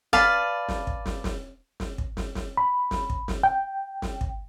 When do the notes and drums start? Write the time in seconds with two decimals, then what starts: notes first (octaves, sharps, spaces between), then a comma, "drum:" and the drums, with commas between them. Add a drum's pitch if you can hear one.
0.13 B4 D5 F5 A5, drum: snare
0.69 drum: snare
0.87 drum: kick
1.06 drum: snare
1.24 drum: snare
1.80 drum: snare
1.98 drum: kick
2.17 drum: snare
2.35 drum: snare
2.57 B5
2.91 drum: snare
3.10 drum: kick
3.28 drum: snare
3.43 G5
4.02 drum: snare
4.21 drum: kick